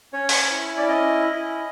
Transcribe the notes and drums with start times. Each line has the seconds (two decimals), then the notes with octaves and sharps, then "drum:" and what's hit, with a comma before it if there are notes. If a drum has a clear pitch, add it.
0.13 C#4 C#5
0.29 drum: open hi-hat
0.51 E4
0.77 D5
0.88 C#4 D#5
1.26 E4